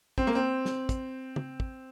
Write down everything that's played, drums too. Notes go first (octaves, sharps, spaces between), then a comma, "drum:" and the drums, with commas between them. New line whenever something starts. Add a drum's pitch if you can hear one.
C4, drum: kick
A#3
C4
drum: snare
drum: kick, hi-hat
drum: tom
drum: kick